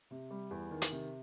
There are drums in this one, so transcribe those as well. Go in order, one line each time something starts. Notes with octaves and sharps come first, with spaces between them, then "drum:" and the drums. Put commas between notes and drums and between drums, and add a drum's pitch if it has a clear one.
C3
G3
E2
D#3
drum: hi-hat
C3